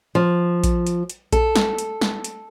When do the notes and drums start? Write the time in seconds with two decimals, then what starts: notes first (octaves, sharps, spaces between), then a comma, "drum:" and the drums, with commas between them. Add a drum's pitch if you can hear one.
0.15 F3
0.64 drum: kick A#1, hi-hat
0.87 drum: hi-hat
1.10 drum: hi-hat
1.33 A4, drum: kick A#1, hi-hat
1.56 drum: snare
1.78 drum: hi-hat
2.01 drum: snare
2.24 drum: hi-hat